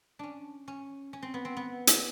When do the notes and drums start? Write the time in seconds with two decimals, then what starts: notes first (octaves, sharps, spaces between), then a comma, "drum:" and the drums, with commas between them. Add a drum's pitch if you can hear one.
0.19 C#4 D4
0.68 C#4
1.13 C#4
1.22 C4
1.34 B3
1.45 C4
1.57 B3
1.87 drum: hi-hat